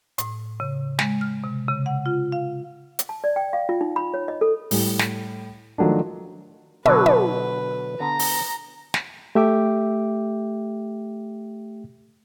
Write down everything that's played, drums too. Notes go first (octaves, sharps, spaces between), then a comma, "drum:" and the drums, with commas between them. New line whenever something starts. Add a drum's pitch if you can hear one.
A2, drum: hi-hat
C#3
G#3, drum: snare
F6
C3
C#3
F#5
F4
F5
drum: hi-hat
A5
D5
G5
F5
F4
D#4
B5
C#5
D#5
A4
A2 G3, drum: open hi-hat
drum: snare
D#3 F3 F#3 A3 D4
B2 D3 F#3 B4, drum: tom
drum: tom
D3 B3 A#5
drum: open hi-hat
drum: snare
A3 G4 E5 G5 D6